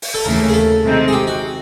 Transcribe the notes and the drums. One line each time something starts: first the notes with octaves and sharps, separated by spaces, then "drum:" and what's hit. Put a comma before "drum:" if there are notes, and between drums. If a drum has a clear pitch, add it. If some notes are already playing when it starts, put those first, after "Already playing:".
drum: open hi-hat
A4
D#2 C#3 E3 A3 A#4
G#4
A4
C3 D#3 G#3 C4 D#4
G#4
G4
F#4